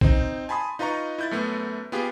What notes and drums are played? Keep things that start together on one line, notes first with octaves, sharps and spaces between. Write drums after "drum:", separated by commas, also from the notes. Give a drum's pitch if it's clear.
C4 D#4, drum: kick
G#5 A5 B5 C6 D#6
D#4 F4 B4 D#5 A#5 C#6
E4 G6 A6
F#2 A3 B3
B3 F4 G4 G#4